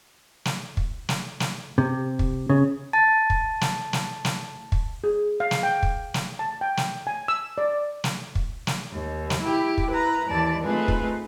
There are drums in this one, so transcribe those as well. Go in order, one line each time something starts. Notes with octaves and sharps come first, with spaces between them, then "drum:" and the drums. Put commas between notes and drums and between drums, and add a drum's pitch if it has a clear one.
drum: snare
drum: kick
drum: snare
drum: snare
C3
drum: kick
C#3
A5 A6
drum: kick
drum: snare
drum: snare
drum: snare
drum: kick
G#4
F5
drum: snare
G5
drum: kick
drum: snare
A5
G5
drum: snare
G#5
E6
D5
drum: snare
drum: kick
drum: snare
D#2
drum: snare
E4 G4
drum: kick
E4 B4 A#5
D#2 D#3 E3 D5 A5
A3 C4 D#4 F4 G#4 B4
drum: kick